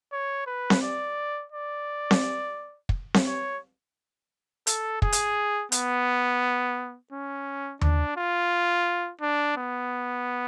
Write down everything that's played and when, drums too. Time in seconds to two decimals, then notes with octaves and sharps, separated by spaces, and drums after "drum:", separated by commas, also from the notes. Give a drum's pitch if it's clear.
0.12 C#5
0.46 B4
0.70 drum: snare C4
0.82 D5
1.52 D5
2.11 drum: snare C4
2.89 drum: kick
3.14 drum: snare C4
3.27 C#5
4.67 A4, drum: hi-hat
5.02 G#4, drum: kick
5.12 drum: hi-hat
5.72 B3, drum: hi-hat
7.12 C#4
7.81 D4, drum: tom D#2
8.17 F4
9.21 D4
9.57 B3